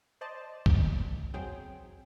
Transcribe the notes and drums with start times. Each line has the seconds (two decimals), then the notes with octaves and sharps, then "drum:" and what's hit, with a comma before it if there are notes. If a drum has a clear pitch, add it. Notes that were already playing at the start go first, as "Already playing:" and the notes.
0.21 C5 D5 D#5 A5
0.66 drum: kick
1.34 B1 F#3 C4 G#4 G5